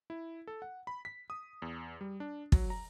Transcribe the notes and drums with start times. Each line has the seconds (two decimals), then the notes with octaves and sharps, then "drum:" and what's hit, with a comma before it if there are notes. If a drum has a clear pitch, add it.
0.10 E4
0.47 A4
0.62 F#5
0.87 B5
1.05 B6
1.30 D#6
1.62 E2
2.01 G3
2.20 D4
2.52 F#3, drum: kick
2.70 A#5